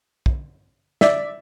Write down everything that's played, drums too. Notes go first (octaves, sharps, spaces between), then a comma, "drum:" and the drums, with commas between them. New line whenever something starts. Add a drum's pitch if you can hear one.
drum: kick
D5 E5, drum: snare